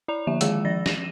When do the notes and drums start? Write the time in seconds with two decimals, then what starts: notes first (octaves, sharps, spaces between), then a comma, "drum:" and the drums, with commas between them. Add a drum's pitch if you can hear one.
0.08 E4 D5 A#5 F7
0.27 D3 F3 A#3 E5 E7
0.41 D#3 G#3 G#4 F5 E6, drum: hi-hat
0.65 F3 D5 A6 A#6
0.86 A#6 D#7 E7, drum: snare